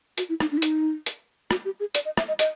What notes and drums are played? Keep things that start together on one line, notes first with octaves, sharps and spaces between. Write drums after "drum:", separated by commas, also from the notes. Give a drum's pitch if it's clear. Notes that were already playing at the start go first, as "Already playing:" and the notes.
F#4, drum: hi-hat
E4
D#4, drum: rim click
D4
E4
D#4, drum: hi-hat
drum: hi-hat
F#4, drum: rim click
G4
G#4
D5, drum: hi-hat
D#5
E5, drum: rim click
D#5
D#5, drum: hi-hat